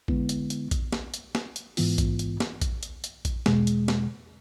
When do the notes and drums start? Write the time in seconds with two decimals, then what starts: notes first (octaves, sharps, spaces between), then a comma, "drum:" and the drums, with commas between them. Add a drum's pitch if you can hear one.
0.08 D3 G#3 B3 E4, drum: kick A1
0.29 drum: hi-hat
0.50 drum: hi-hat
0.71 drum: kick A1, hi-hat
0.92 drum: snare
1.14 drum: hi-hat
1.35 drum: snare
1.56 drum: hi-hat
1.77 G#2 E3 B3 F4, drum: open hi-hat
1.98 drum: kick A1, hi-hat
2.19 drum: hi-hat
2.40 drum: snare
2.61 drum: kick A1, hi-hat
2.83 drum: hi-hat
3.04 drum: hi-hat
3.25 drum: kick A1, hi-hat
3.46 E2 B2 G#3, drum: snare
3.67 drum: hi-hat
3.88 drum: snare